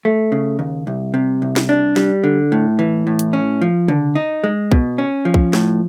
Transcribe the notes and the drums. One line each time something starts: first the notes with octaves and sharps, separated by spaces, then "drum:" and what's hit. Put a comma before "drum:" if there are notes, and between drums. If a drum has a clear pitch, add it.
A3
C#3
D#2
C2
C3
C2
drum: snare
D4
G3, drum: snare
D3
A2
E3
A2
drum: hi-hat
C#4
F3
D3, drum: tom
D#4
G#3
B2, drum: kick B1
C#4
F3
drum: kick B1
A2, drum: snare